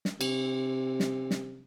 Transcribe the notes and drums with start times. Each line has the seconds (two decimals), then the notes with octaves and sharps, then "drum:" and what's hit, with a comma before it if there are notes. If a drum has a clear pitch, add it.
0.05 drum: snare
0.21 C3, drum: cymbal
1.00 drum: snare
1.31 drum: snare